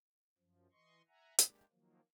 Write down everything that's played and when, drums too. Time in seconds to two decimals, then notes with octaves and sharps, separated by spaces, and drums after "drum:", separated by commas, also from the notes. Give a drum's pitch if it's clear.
0.38 F#2 F3
0.72 E3 D#5 C6 C#6
1.08 E5 F#5 G#5 A#5
1.39 G#3 A#3 D4 G4, drum: hi-hat
1.71 D#3 F3 F#3 A#3